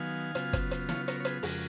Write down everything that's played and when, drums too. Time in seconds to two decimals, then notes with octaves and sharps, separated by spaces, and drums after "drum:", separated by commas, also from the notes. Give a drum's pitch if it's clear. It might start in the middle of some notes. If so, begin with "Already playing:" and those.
Already playing: D#3 F#3 B3 F5 G#5
0.35 C#3 F#3 B3 F4, drum: hi-hat
0.53 drum: kick, hi-hat
0.71 drum: hi-hat
0.89 C#5 F5, drum: snare
1.08 A#4 C#5, drum: hi-hat
1.20 C#5
1.25 G#4 B4, drum: hi-hat
1.43 F2 C#3 F3 G#3 F#4 A#4, drum: open hi-hat